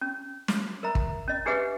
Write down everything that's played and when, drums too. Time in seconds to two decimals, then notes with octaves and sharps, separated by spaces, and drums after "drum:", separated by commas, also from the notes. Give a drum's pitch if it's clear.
0.01 C#4
0.48 drum: snare
0.83 A#4 E5 A#5
0.95 drum: kick
1.28 C#4 D#5
1.46 D4 G4 G#4 B4 E5 F#5